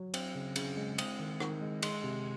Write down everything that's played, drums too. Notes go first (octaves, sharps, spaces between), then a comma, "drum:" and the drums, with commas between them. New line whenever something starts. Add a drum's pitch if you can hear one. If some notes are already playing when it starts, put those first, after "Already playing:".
Already playing: F#3
C4, drum: cymbal
C#3
C#3, drum: cymbal
G#3
C4 D#6, drum: cymbal
D#3
D#3, drum: rim click
G#3
G#3 C6, drum: cymbal
C3